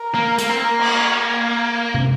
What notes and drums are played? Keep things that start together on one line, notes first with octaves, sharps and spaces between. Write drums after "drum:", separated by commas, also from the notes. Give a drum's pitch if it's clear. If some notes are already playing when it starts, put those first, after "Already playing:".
Already playing: A#4
A#3
A#3, drum: hi-hat
C4
A#3
drum: cymbal
drum: tom